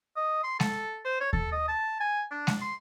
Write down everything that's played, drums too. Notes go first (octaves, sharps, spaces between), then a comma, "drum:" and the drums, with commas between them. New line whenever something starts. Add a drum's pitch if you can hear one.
D#5
C6
A4, drum: snare G#3
C5
C#5
A4, drum: kick D#2
D#5
A5
G#5
D4
drum: snare G#3
C6